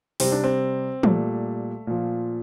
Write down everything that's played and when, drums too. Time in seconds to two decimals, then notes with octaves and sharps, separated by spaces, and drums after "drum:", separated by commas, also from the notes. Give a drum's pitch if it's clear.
0.20 C3 G3 C4, drum: open hi-hat
0.32 D4
0.44 C4
1.03 A#2 G3 A3, drum: tom
1.87 A#2 F3